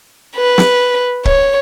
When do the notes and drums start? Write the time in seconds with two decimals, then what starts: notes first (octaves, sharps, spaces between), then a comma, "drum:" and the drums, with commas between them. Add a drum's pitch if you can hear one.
0.36 B4
0.58 drum: snare
1.25 C#5, drum: kick C#1